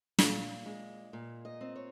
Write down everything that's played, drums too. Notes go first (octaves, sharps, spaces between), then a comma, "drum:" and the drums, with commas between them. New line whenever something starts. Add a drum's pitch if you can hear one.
A#2 F5, drum: snare
G#3
A#2
D#5
C4
C#5